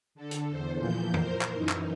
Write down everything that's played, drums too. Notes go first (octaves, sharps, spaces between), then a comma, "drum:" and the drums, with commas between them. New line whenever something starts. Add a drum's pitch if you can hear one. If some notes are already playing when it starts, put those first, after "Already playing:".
D3 A4
drum: hi-hat
E2 C5
A#2 E3 F3 G6
A#4 C5, drum: tom
drum: clap
F#2 E3 D#4
drum: clap